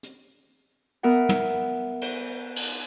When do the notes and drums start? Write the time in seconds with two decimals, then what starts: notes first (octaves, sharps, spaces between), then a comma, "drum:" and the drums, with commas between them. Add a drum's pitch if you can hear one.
0.03 drum: hi-hat
1.03 B3 A#4 E5 F#5
1.29 drum: tom
2.01 drum: cymbal
2.56 drum: cymbal